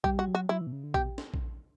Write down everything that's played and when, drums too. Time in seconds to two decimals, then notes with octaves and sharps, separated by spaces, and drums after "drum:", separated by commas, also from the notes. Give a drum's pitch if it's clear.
0.04 G3 G4, drum: kick A#1
0.19 F#4
0.27 F#3
0.35 F#4
0.49 F#3 E4
0.61 E3
0.67 B2
0.72 C#3
0.84 D3
0.94 B2 G4, drum: kick A#1
1.18 drum: snare
1.34 drum: kick A#1